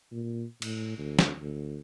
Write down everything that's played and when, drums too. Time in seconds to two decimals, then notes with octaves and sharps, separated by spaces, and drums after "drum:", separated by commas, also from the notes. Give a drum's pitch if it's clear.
0.12 A#2
0.62 A2, drum: cymbal
0.98 D2
1.19 drum: snare
1.39 D2